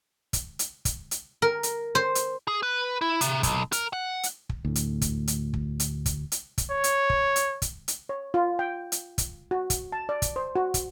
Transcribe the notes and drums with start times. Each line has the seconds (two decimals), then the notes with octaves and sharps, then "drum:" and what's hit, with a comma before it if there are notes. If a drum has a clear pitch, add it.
0.33 drum: kick, hi-hat
0.59 drum: hi-hat
0.85 drum: kick, hi-hat
1.11 drum: hi-hat
1.42 A#4
1.63 drum: hi-hat
1.95 C5
2.15 drum: hi-hat
2.48 G#4
2.63 B4
3.01 E4
3.21 C3, drum: hi-hat
3.43 B1, drum: kick, hi-hat
3.72 A#4, drum: hi-hat
3.93 F#5
4.23 drum: hi-hat
4.49 drum: kick
4.65 D2 A2
4.75 drum: hi-hat
5.01 drum: kick, hi-hat
5.28 drum: hi-hat
5.54 drum: kick
5.80 drum: hi-hat
6.06 drum: kick, hi-hat
6.32 drum: hi-hat
6.58 drum: kick, hi-hat
6.71 C#5
6.84 drum: hi-hat
7.10 drum: kick
7.36 drum: hi-hat
7.62 drum: kick, hi-hat
7.88 drum: hi-hat
8.09 C#5
8.34 F4
8.59 G5
8.92 drum: hi-hat
9.18 drum: kick, hi-hat
9.51 F#4
9.70 drum: kick, hi-hat
9.92 A5
10.09 D5
10.22 drum: kick, hi-hat
10.36 C5
10.56 F#4
10.74 drum: kick, hi-hat